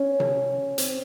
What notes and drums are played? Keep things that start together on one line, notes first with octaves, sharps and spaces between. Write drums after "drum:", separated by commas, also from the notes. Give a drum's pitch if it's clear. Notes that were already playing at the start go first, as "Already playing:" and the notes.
Already playing: C#4
drum: tom C3
C4, drum: hi-hat